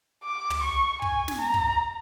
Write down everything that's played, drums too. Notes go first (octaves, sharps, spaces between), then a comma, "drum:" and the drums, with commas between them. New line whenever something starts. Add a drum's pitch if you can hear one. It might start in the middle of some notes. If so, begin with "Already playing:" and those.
D6
drum: tom
C#6
G#5, drum: kick
drum: snare
A#5
drum: kick